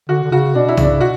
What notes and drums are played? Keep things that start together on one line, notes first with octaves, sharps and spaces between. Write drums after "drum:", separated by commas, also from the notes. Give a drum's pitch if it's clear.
D3 F#4
D3
C#3 F#4
B2 D4
E4
C#3 D4, drum: tom C2
B2 F#4